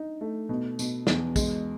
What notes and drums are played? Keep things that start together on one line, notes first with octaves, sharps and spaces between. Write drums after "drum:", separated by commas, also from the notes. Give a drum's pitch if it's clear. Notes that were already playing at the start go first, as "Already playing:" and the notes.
Already playing: D#4
A3
B2
B2, drum: tambourine
E2, drum: snare
G#3, drum: kick, tambourine